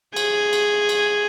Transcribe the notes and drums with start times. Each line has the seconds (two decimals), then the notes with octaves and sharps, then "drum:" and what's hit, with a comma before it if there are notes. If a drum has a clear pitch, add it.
0.16 G#4 G#5, drum: cymbal
0.53 drum: cymbal
0.89 drum: cymbal